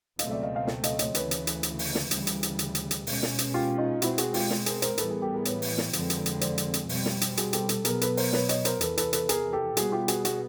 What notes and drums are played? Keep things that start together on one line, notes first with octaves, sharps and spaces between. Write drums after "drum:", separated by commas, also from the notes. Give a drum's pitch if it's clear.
C#2 B2 F#3 A3 C4 D#5 F5, drum: hi-hat
D5 E5
D#5 F5
D#5 F5
drum: snare
D#5 F5, drum: hi-hat
C#5 D#5, drum: hi-hat
D2 C#3 E3 A3 B4 C#5, drum: hi-hat
drum: hi-hat
drum: hi-hat
drum: hi-hat
drum: open hi-hat
drum: snare
D2 C#3 E3 G3, drum: hi-hat
drum: hi-hat
drum: hi-hat
drum: hi-hat
drum: hi-hat
drum: hi-hat
B2 G#3 C#4, drum: open hi-hat
drum: snare
drum: hi-hat
F4 G4
D#4 F4
B2 G#3 C4 E4 F#4, drum: hi-hat
F#4 G#4, drum: hi-hat
F4 G4, drum: open hi-hat
drum: snare
G#4 A#4, drum: hi-hat
A#4 C5, drum: hi-hat
A2 E3 G3 B3 A4 B4, drum: hi-hat
G#4 A#4
G4 A4
G#4 A#4
B4 C#5, drum: hi-hat
drum: open hi-hat
drum: snare
F2 D3 F3 G#3 C4, drum: hi-hat
drum: hi-hat
drum: hi-hat
C5 D5, drum: hi-hat
drum: hi-hat
drum: hi-hat
B2 G3 C4, drum: open hi-hat
drum: snare
drum: hi-hat
F#4 G#4, drum: hi-hat
G4 A4, drum: hi-hat
G4 A4, drum: hi-hat
B2 F#3 B3 G#4 A#4, drum: hi-hat
A4 B4, drum: hi-hat
A#4 C5, drum: open hi-hat
B4 C#5, drum: snare
C#5 D#5, drum: hi-hat
A#4 C5, drum: hi-hat
E2 C3 E3 A4 B4, drum: hi-hat
A4 B4, drum: hi-hat
A4 B4, drum: hi-hat
G#4 A#4, drum: hi-hat
G4 A4
B2 G3 B3 F#4 G#4, drum: hi-hat
F4 G4
F#4 G#4, drum: hi-hat
F#4 G#4, drum: hi-hat